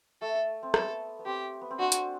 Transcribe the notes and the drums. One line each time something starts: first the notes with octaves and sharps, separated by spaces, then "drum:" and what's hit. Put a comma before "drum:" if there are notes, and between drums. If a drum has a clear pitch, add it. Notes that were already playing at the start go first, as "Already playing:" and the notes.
A3 A4
C4
B3 A4, drum: rim click
B3
C4 G4
B3
C4
D4 F#4
drum: hi-hat